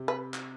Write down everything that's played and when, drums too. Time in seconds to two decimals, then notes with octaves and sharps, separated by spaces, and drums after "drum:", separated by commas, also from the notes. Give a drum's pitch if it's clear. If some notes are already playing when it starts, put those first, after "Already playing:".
Already playing: C3
0.08 B4
0.34 drum: clap